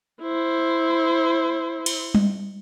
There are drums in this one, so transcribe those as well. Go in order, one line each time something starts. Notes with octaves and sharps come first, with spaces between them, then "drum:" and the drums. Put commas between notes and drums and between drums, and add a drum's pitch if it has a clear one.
E4 C5
drum: cymbal
drum: tom G3